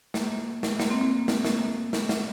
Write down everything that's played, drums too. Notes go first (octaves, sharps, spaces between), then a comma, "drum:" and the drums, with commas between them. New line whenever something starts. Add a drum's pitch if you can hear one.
A#3, drum: snare
drum: snare
A#3, drum: snare
C4
A#3
drum: snare
A#3, drum: snare
drum: snare
drum: snare